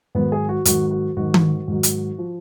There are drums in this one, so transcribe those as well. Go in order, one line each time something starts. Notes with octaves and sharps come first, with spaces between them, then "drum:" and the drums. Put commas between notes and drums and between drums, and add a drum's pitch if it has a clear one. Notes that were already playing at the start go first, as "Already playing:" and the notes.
G#2 D#3 F#3 B3
G#4
F#4
G#2 D#3 F#3 F#4, drum: hi-hat
F#4
G#2 D#3 F#3 F#4
drum: tom D#3
G#2 D#3 F#3
drum: hi-hat
F3